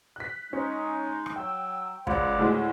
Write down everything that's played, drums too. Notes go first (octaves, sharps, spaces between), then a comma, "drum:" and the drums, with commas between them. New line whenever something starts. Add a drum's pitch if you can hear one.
F#6 B6
G#3 C#4 D#4
drum: rim click
F#3 G5 E6
C#2 C5 D5 F#5, drum: kick
D2 A2 G#3